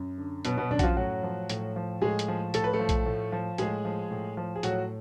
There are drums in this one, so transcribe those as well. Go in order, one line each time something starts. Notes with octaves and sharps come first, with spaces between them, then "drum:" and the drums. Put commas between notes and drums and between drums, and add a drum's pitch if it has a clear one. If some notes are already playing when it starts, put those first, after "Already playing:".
Already playing: F#2
D3
B2 F#3 B3, drum: hi-hat
B2 B3
F#2 D3 D4
F#4, drum: kick A#1, hi-hat
F3 F4
A2 F#3 F#4
F3
A2, drum: hi-hat
F3
A2 G#3 G#4
drum: hi-hat
F3
A2 A4, drum: hi-hat
B4
A3 A4
F3
drum: kick A#1, hi-hat
A2
F3
A2 G#3 G#4, drum: hi-hat
F3
A2
F3
G#4
A2 F#3 F#4, drum: hi-hat